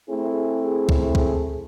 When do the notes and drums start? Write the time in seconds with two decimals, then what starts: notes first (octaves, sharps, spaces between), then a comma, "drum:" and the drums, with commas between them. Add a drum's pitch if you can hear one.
0.10 A3 C4 E4 G#4
0.89 drum: kick
1.15 drum: kick